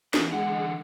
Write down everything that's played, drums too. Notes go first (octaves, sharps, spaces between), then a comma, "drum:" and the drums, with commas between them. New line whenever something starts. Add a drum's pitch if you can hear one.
E3 B3 D4, drum: snare
D3 E3 G#3 F#5